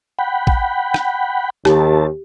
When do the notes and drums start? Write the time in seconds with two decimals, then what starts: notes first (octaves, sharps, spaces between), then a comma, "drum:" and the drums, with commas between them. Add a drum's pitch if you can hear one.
0.19 F#5 G5 B5
0.47 drum: kick
0.94 drum: rim click
1.65 D#2 G4 A5, drum: rim click